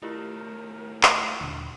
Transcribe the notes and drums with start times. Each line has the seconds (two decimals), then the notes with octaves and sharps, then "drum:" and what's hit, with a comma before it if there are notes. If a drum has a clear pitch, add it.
0.02 D#2 A3 E4 F4 G4 A#4
1.03 drum: clap
1.41 D#1 D3 F#4